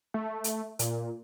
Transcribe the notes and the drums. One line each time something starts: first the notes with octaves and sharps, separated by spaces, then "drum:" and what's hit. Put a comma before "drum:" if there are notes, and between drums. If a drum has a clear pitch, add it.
A3
drum: hi-hat
A#2, drum: hi-hat